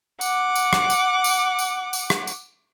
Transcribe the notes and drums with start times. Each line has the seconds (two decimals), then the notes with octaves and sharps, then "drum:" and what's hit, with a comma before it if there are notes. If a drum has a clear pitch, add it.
0.21 F#5 D6, drum: tambourine
0.55 drum: tambourine
0.73 drum: rim click
0.90 drum: tambourine
1.24 drum: tambourine
1.59 drum: tambourine
1.93 drum: tambourine
2.10 drum: rim click
2.27 drum: tambourine